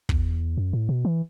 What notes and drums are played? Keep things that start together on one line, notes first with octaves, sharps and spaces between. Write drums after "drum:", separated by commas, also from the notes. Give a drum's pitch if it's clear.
E2, drum: kick
F#2
A2
B2
E3